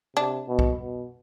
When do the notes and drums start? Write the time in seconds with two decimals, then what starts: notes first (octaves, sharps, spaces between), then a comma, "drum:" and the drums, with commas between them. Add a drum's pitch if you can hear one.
0.16 C3 D4
0.48 B2
0.59 drum: kick
0.80 B2